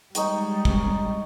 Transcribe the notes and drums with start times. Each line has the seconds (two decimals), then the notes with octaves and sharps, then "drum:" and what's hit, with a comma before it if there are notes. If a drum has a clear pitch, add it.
0.15 G3 G#3 D#4 C#5 G5, drum: hi-hat
0.65 drum: kick